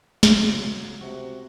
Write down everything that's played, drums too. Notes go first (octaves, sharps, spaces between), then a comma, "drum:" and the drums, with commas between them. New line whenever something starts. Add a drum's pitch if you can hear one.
C#2 F#3, drum: snare
C3 F#4